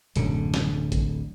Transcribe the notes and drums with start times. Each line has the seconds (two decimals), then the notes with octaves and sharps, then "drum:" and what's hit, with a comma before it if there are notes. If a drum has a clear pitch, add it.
0.16 D1 F#2 B2 D3 F#3, drum: hi-hat
0.54 drum: snare
0.92 drum: kick, hi-hat